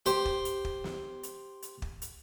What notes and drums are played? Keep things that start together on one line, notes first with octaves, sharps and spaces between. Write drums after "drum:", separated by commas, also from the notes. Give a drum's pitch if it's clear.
G4 C5, drum: hi-hat
drum: kick
drum: hi-hat
drum: kick
drum: snare
drum: hi-hat
drum: hi-hat
drum: kick
drum: hi-hat